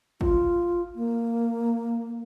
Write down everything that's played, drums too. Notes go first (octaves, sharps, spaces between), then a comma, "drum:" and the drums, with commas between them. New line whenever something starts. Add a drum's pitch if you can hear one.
F4, drum: kick
A#3